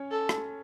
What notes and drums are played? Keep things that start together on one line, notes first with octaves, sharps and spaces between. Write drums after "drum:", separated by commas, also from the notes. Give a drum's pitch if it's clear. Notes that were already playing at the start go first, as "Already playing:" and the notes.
Already playing: C#4 C#5
A4
drum: rim click